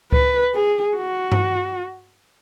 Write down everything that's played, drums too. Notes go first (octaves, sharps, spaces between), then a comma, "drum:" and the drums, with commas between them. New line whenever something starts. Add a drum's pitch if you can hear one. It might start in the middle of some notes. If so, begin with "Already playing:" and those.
B4, drum: kick C#2
G#4
F#4
drum: tom G2